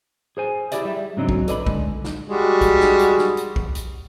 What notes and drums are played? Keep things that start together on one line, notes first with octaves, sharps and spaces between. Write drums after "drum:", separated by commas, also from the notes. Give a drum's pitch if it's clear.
G#4 C5 G#5
E4 G4 G#4 D5 E5, drum: hi-hat
G3 E5
G#2 C#3 F#3 C4 D4 D#4
drum: kick
A4 B4 D5 D#5 G#5 B5, drum: hi-hat
D3 G#3 D4, drum: kick
drum: snare
G3 G#3 F#4
drum: kick, hi-hat
drum: snare
drum: hi-hat
drum: snare
drum: hi-hat
drum: kick
drum: hi-hat